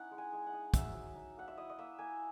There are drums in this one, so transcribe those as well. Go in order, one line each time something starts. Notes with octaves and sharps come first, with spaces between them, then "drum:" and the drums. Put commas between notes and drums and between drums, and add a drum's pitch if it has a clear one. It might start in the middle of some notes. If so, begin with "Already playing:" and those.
Already playing: C#4 D#4 E4 F#5
G#3
G#5
G#3
F#5
D#4
F#3 E5, drum: kick, hi-hat
F#3
D#4
A#3 F#5
E5
E4 D#5
D#5
A#3 E5
A#3 G#5